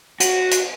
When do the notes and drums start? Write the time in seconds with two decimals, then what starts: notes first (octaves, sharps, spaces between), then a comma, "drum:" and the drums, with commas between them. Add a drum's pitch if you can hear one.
0.20 F#4, drum: hi-hat
0.51 drum: hi-hat